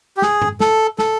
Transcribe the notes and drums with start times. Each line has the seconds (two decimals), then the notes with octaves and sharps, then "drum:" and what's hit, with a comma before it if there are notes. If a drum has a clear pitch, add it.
0.17 G4
0.22 G#4, drum: snare
0.42 drum: tom F#2
0.60 A4, drum: snare
0.99 A4, drum: snare